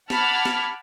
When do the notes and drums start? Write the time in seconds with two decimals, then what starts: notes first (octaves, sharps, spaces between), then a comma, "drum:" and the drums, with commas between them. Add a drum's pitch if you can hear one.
0.10 F#5 A5 B5 D6 F6 G#6, drum: snare
0.45 drum: snare